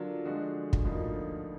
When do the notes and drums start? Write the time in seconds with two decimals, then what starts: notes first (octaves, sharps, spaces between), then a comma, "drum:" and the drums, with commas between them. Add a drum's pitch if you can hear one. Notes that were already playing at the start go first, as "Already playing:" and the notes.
Already playing: D3 F#3 D4 F4 A#4
0.25 D3 F3 G#3 D4 F#4
0.73 drum: kick
0.85 D2 D3 F3 A#3 D#4